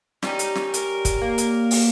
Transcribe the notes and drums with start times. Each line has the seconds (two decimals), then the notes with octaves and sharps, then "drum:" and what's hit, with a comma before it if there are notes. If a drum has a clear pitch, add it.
0.23 G3 C#4 D#4 G4, drum: snare
0.39 drum: hi-hat
0.55 drum: snare
0.74 A#4, drum: hi-hat
1.05 drum: kick, hi-hat
1.22 A#3
1.38 drum: hi-hat
1.71 drum: open hi-hat